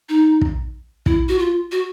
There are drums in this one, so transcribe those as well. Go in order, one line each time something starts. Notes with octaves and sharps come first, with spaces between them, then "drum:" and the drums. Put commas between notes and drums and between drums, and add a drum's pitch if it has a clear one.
D#4
drum: kick
E4, drum: kick
F#4
F4
F#4